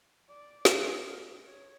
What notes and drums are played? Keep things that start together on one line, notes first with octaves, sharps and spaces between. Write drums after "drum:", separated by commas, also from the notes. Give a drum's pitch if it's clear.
D5
drum: snare
C#5